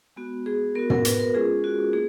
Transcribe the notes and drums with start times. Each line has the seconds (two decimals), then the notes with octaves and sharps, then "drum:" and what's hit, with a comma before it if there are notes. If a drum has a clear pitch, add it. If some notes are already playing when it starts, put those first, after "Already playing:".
0.16 G#3 B3 F#4
0.46 G#4
0.75 B3 F#4 A#4
0.90 A#4, drum: tom
1.05 B4, drum: hi-hat
1.20 A#4
1.34 G#3 C#4 F4 G#4
1.64 F#4
1.93 A#3 G#4